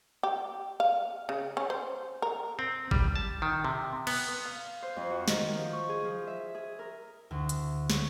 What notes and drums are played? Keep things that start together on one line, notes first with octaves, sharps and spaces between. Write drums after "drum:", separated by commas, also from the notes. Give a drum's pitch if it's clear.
G4
F5
C#3
C#4
C5
A#4
C4
G3, drum: kick
A5
D#3
C3
B3, drum: cymbal
F5
C5
F2
F#4
D#3, drum: snare
F3
C#6
G#4
F3
E5
G#4
A#4
D2
drum: hi-hat
C#5, drum: snare